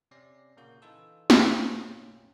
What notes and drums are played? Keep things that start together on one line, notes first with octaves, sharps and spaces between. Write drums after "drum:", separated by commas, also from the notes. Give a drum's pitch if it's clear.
C3 C#4 D5 A#6 C7
A#2 C#3 A#3 F#4 G6
E3 D#4 F4 A4 E6
drum: snare
B1 F#2 A2 C#4 F4 G5